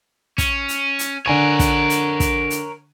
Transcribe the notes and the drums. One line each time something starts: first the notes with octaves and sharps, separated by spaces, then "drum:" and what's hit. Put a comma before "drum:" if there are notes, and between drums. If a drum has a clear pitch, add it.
C#4, drum: kick, hi-hat
drum: hi-hat
drum: hi-hat
D3 A#4 C#5 G#5 D#7
drum: kick, hi-hat
drum: hi-hat
drum: kick, hi-hat
drum: hi-hat